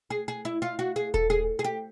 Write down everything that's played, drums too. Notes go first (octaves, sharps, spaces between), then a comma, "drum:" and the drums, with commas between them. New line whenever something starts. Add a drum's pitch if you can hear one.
G#4
G#4
E4
F4
F#4
G#4
A4, drum: kick D#1
G#4
G#4
G4